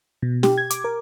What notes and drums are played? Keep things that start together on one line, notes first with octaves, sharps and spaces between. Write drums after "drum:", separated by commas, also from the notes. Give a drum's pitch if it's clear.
B2
G4, drum: snare
G#6
D6, drum: hi-hat
A#4